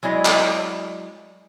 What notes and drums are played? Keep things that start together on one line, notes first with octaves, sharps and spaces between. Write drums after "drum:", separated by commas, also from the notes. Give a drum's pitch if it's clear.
F#3 G#3 E4 D5 D#5
drum: clap